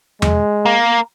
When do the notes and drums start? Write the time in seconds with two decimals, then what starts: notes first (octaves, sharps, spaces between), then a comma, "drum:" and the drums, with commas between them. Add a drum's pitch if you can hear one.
0.22 G#3, drum: tom E2
0.66 A#3